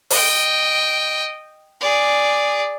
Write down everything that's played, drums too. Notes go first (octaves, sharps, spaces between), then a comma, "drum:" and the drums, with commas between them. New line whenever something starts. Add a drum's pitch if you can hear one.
D#5 G5, drum: open hi-hat
G#4 D5